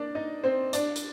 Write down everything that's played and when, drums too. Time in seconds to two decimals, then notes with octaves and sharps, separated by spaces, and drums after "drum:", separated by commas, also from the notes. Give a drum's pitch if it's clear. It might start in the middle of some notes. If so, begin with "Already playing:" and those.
Already playing: A#3 D4 D5
0.15 D#4 D#5
0.44 C4 C5
0.73 D4 D5, drum: hi-hat
0.96 drum: hi-hat